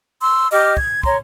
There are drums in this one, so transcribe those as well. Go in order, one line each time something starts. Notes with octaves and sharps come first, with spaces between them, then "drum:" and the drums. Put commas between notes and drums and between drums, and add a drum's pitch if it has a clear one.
C6 E6
G4 D#5 D6 F6
G#6, drum: kick
C#5 A#5 C6, drum: kick